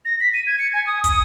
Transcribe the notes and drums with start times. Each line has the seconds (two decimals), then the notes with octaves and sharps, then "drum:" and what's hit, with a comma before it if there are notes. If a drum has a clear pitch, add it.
0.05 A#6
0.20 B6
0.34 D#7
0.47 G#6
0.59 C#7
0.74 G#5
0.87 D#6
1.04 D#6, drum: kick, hi-hat